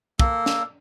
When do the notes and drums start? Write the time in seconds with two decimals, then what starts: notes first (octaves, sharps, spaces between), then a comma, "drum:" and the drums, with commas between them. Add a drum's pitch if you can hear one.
0.19 A#3 A4, drum: kick
0.46 drum: snare